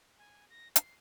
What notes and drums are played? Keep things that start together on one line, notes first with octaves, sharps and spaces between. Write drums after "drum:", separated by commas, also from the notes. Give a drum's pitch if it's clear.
G#5
A#6
C7, drum: hi-hat